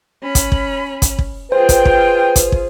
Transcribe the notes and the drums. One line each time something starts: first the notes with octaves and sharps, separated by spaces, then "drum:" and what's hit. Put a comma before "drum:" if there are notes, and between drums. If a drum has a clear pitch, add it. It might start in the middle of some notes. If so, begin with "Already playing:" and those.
C#4 B5
drum: kick, hi-hat
drum: kick
drum: kick, hi-hat
drum: kick
F4 G#4 B4 C5 G5
drum: kick, hi-hat
drum: kick
drum: kick, hi-hat
drum: kick